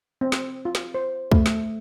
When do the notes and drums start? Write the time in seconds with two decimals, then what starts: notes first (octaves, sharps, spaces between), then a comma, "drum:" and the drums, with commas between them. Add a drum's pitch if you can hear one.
0.21 C4
0.32 drum: snare
0.65 F4
0.75 drum: snare
0.94 C5
1.32 A3, drum: kick
1.46 drum: snare